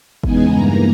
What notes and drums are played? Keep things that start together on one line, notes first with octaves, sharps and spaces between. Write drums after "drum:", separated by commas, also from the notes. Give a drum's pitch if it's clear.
E2 C#3 G#3 B3 D#4 G#5, drum: kick
G2 E3 A#3 A#5